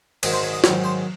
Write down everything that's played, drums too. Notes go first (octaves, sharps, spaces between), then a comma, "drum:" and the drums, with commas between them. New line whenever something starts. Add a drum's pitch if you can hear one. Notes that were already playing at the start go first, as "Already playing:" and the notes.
G#2 D#3 F#3 G#4, drum: cymbal
C5
C#5
D#5
G#2 D#3 F#3 C#5, drum: snare
C5